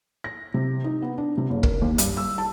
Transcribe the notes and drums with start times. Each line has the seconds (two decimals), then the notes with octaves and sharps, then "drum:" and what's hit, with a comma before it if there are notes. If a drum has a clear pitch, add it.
0.24 A#6
0.54 C3
0.84 D#4
1.02 B3
1.18 D4
1.37 C3
1.50 F#1
1.63 A#4, drum: kick
1.82 D#2
1.98 G2, drum: hi-hat
2.17 E6
2.38 A5